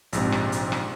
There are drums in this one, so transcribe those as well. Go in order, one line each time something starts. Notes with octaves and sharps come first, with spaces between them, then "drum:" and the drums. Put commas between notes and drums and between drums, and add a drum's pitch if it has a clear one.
A#1 G#2 C3, drum: hi-hat
drum: rim click
drum: hi-hat
drum: rim click